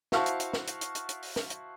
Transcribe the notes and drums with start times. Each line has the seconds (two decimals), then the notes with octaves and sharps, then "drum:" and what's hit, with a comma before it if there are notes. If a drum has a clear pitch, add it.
0.12 E4 F#4 C5 F5 A5 C#6, drum: snare
0.26 drum: hi-hat
0.40 drum: hi-hat
0.53 drum: snare
0.67 drum: hi-hat
0.81 drum: hi-hat
0.95 drum: hi-hat
1.09 drum: hi-hat
1.22 drum: open hi-hat
1.36 drum: snare
1.50 drum: hi-hat